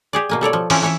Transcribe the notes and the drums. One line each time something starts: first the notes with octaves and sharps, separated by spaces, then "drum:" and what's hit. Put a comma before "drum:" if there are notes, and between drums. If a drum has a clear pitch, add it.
G4 G#4 D5
B2 A#3 G#5
G3 A4 C#5 D5
F3
E3 F3 C4 C#4, drum: open hi-hat
E3 C#5 E5